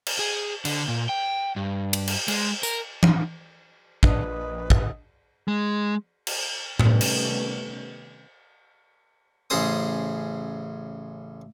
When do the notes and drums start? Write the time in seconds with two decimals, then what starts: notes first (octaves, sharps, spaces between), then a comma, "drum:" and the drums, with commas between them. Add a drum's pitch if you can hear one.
0.07 drum: cymbal
0.19 G#4
0.65 D3, drum: cymbal
0.88 A#2
1.09 G5
1.56 G2
1.93 drum: cymbal
2.08 drum: cymbal
2.28 G#3, drum: cymbal
2.63 A#4, drum: tambourine
3.03 drum: tom E3
4.03 A#1 D4 B4 D#5 D#6, drum: kick
4.70 drum: kick
5.48 G#3
6.27 drum: cymbal
6.79 C3 D#3 G3 A3 B3 C#4, drum: tom A2
7.01 drum: cymbal
9.50 A1 C#3 G#4 C5 D#6